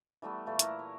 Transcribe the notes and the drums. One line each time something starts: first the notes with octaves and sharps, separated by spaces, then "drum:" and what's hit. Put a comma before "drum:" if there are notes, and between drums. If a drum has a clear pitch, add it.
E3 G3 A3 B3
A#2 E3 A3
E4 A#4, drum: hi-hat
C#5